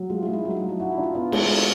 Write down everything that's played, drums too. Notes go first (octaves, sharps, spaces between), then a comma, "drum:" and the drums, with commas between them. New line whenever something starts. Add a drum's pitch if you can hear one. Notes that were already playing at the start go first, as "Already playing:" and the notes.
Already playing: F#3
G#3 F4
E4
G#3 D#4
F#3 D#4
D4
F#3
D#4
E4 F#4
F4
D4
F4
B3 F4
G#3, drum: cymbal
F#4